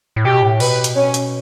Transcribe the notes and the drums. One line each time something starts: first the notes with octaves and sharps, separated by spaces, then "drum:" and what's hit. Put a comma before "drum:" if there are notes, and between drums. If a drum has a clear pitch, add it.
A2
B2 G4
A2
B2 B4, drum: cymbal
drum: hi-hat
C#4
drum: hi-hat